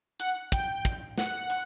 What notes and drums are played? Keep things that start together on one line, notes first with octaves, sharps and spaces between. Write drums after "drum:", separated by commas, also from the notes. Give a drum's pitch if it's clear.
F#5, drum: hi-hat
G5, drum: kick, hi-hat
drum: kick, hi-hat
F#5, drum: snare
drum: hi-hat